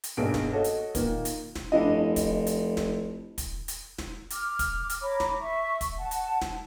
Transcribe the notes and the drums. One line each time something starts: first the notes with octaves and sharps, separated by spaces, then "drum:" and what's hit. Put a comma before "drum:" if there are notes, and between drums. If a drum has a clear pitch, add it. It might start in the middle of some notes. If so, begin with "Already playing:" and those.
drum: hi-hat
B1 G2 A#3 D4 G#4 D7
drum: snare
F#4 A4 C#5 D#5
drum: hi-hat
A#2 D#3 A#3, drum: kick, hi-hat
drum: hi-hat
drum: snare
F1 D4 E4 D#5
drum: kick, hi-hat
drum: hi-hat
drum: snare
drum: kick, hi-hat
drum: hi-hat
drum: snare
D6 F6, drum: hi-hat
drum: kick, hi-hat
drum: hi-hat
C#5 A#5 B5 D6
drum: snare
E5 C#6
drum: kick, hi-hat
F#5 A5
drum: hi-hat
drum: snare